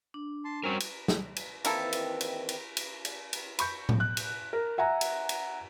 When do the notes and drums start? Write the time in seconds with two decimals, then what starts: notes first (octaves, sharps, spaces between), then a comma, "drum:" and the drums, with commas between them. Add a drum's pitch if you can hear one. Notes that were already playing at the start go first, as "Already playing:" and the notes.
0.14 D4
0.45 A5 C6
0.64 G3 C4 C#4 F#4 A#4
0.80 drum: cymbal
1.08 drum: snare
1.36 drum: cymbal
1.64 D#3 E3 A#3 C4 E4 A4, drum: cymbal
1.93 drum: cymbal
2.21 drum: cymbal
2.49 drum: cymbal
2.77 drum: cymbal
3.05 drum: cymbal
3.33 drum: cymbal
3.59 B5 C#6 G6, drum: cymbal
3.89 drum: tom A2
4.00 F#6
4.17 drum: cymbal
4.53 A#4
4.78 E5 F#5 G#5 A#5
5.01 drum: cymbal
5.29 drum: cymbal